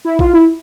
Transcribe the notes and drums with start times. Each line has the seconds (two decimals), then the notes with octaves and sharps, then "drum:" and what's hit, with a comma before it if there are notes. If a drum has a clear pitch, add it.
0.05 E4
0.19 F4, drum: kick A#1
0.33 E4